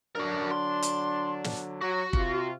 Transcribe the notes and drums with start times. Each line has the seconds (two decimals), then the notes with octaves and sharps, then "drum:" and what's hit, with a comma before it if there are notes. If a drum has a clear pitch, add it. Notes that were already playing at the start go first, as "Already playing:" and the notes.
0.15 D3 F#3 D4 F#4 A#4
0.51 C6
0.83 drum: hi-hat
1.44 drum: snare
1.81 F#3 F#4
2.13 C3 F4, drum: kick